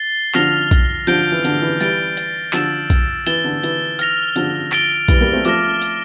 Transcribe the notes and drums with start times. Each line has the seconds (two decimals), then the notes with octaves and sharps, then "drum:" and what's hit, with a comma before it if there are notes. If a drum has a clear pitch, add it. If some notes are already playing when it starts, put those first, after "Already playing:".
Already playing: A6 C7 G7
0.35 D3 F3 F6 A#6 F7, drum: clap
0.71 drum: kick A#1, hi-hat
1.07 D3 F3 G6 D7 G7, drum: hi-hat
1.32 E3
1.44 D3, drum: hi-hat
1.62 E3
1.80 E3 G3 A6 D7 G7, drum: hi-hat
2.17 drum: hi-hat
2.53 D3 F3 E6 A6 E7, drum: clap
2.90 drum: kick A#1, hi-hat
3.27 E3 A6 E7 G7, drum: hi-hat
3.44 D3
3.63 E3, drum: hi-hat
3.99 F6 A#6 F7, drum: hi-hat
4.36 D3 F3, drum: hi-hat
4.72 A6 D7 G7, drum: clap
5.08 E3 G3, drum: kick A#1, hi-hat
5.21 G3 A#3
5.33 A3 C4
5.45 F3 A3 D6 F6 A#6, drum: hi-hat
5.82 drum: hi-hat